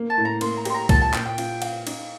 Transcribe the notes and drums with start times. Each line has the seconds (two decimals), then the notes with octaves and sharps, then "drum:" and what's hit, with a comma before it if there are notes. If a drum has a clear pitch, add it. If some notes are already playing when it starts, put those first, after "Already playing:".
Already playing: A#3
0.10 A5
0.18 A2
0.25 A#5
0.41 A#3 C6, drum: cymbal
0.57 A#5
0.65 G4 C6, drum: cymbal
0.74 A#5
0.89 A#2 A5, drum: kick C2, cymbal
1.02 A5
1.14 A#2 G5, drum: clap
1.25 G5
1.38 F4, drum: cymbal
1.62 F5, drum: cymbal
1.87 D#4, drum: cymbal